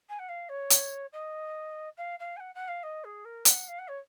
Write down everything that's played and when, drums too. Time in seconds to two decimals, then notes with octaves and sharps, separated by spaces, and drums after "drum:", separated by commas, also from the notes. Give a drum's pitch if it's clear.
0.09 G#5
0.19 F#5
0.28 F5
0.49 C#5
0.70 drum: hi-hat
1.12 D#5
1.97 F5
2.19 F5
2.36 G#5
2.39 F#5
2.55 F#5
2.68 F5
2.83 D#5
3.04 G#4
3.25 A#4
3.45 F#5, drum: hi-hat
3.68 F5
3.78 F#5
3.88 C#5